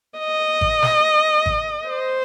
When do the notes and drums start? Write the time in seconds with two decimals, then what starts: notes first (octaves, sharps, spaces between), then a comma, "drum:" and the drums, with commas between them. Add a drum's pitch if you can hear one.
0.19 D#5
0.61 drum: kick G#1
0.82 drum: snare
1.46 drum: kick G#1
1.88 C5